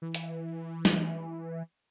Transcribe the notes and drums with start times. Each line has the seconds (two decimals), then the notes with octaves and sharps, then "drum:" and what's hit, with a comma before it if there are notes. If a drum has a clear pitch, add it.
0.02 E3
0.15 drum: hi-hat
0.85 drum: snare